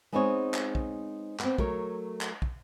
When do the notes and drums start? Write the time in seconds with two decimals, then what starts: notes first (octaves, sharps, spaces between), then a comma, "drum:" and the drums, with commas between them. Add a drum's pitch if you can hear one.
0.12 G#3 B3 C4 D#4 G#4 C#5
0.54 drum: clap
0.75 drum: kick
1.40 B3 C4, drum: clap
1.58 F#3 A3 A#4 C#5, drum: kick
2.21 drum: clap
2.42 drum: kick